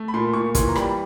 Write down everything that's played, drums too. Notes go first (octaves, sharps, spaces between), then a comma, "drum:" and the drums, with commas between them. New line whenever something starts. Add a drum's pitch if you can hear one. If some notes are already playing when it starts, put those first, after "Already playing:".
Already playing: A3
B5
A#2 C6
A#2 C#6
E3 C6, drum: kick, hi-hat
A#5
G3 B5, drum: rim click